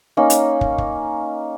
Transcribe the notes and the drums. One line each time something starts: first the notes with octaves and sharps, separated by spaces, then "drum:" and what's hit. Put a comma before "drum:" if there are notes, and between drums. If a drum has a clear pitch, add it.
A#3 C#4 D#4
drum: hi-hat
drum: kick
drum: kick